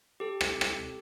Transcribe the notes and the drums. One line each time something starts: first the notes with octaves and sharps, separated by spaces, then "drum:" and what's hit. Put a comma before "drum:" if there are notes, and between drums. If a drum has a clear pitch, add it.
G4 A4
drum: rim click
drum: rim click